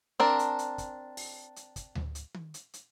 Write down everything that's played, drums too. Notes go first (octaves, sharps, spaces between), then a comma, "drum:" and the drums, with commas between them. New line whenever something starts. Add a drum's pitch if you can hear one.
C4 D4 A#4
drum: hi-hat
drum: hi-hat
drum: kick, hi-hat
drum: open hi-hat
drum: hi-hat
drum: kick, hi-hat
drum: tom D2
drum: hi-hat
drum: tom D#3
drum: hi-hat
drum: hi-hat